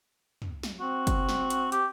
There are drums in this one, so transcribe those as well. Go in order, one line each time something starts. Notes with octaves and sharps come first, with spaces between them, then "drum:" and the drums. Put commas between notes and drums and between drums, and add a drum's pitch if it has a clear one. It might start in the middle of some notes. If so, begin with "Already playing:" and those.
drum: tom
drum: snare
C4 F#4
drum: kick F#1, hi-hat
drum: snare
drum: hi-hat
G4, drum: hi-hat